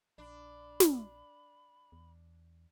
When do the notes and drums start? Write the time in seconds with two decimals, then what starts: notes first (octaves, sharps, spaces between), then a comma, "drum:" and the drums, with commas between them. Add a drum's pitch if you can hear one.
0.18 A#1 D4 B5
0.80 drum: snare
1.92 E2